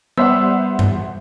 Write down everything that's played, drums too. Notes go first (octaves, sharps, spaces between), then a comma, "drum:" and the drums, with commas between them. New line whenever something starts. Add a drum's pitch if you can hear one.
G3 B3 C5 E5 F#5 E6
drum: tom G2